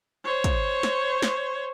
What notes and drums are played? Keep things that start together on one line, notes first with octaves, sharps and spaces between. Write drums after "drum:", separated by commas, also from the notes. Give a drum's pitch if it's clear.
C5 C#5
drum: kick, hi-hat
drum: snare
drum: snare